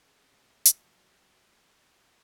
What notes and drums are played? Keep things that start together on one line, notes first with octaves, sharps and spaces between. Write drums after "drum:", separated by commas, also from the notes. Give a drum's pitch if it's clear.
C#3
C3
A2
A2
D#3, drum: hi-hat
F#3
F3
F#3